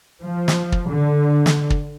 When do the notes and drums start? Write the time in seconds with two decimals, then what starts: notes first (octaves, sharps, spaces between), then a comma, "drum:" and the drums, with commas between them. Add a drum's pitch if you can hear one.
0.23 F3
0.48 drum: snare
0.72 drum: kick
0.89 D3
1.46 drum: snare
1.70 drum: kick